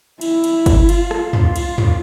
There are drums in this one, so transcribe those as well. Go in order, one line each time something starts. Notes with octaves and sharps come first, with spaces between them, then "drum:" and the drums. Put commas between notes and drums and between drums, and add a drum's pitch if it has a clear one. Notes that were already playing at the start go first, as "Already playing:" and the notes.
E4, drum: cymbal
drum: cymbal
drum: kick, cymbal
F4, drum: cymbal
drum: rim click
drum: tom
drum: cymbal
drum: tom